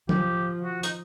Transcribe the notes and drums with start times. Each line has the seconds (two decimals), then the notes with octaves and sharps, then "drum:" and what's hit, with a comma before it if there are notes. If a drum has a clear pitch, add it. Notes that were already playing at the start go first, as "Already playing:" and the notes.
0.09 F3 G4, drum: tom
0.63 F#4
0.83 D#4, drum: hi-hat